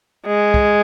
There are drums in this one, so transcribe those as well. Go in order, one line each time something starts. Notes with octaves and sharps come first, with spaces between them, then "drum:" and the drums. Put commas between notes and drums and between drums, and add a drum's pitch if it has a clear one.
G#3
drum: kick